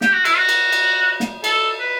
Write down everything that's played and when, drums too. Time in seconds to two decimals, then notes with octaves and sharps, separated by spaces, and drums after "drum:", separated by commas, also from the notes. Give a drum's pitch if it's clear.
0.01 G4, drum: snare
0.13 F#4
0.25 E4, drum: cymbal
0.37 F#4
0.49 drum: cymbal
0.72 drum: cymbal
1.20 drum: snare
1.44 A4, drum: cymbal
1.79 B4